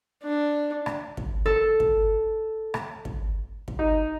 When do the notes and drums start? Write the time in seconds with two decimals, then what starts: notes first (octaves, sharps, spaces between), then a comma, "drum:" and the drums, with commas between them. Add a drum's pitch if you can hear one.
0.23 D4
0.86 drum: rim click
1.17 drum: kick
1.46 A4
1.80 drum: kick
2.74 drum: rim click
3.05 drum: kick
3.68 drum: kick
3.79 D#4